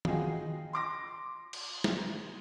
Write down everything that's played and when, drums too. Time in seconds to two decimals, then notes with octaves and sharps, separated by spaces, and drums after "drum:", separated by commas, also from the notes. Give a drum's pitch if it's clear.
0.05 F4 F#4 G#4 D#5 G5, drum: tom
0.73 C6 D6 A#6
1.53 drum: cymbal
1.84 drum: snare